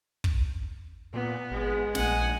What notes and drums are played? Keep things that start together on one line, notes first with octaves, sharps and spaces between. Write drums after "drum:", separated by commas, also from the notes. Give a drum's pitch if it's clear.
drum: kick
A#2 B3
G#1 G#3
A#1 F#5 G#5, drum: snare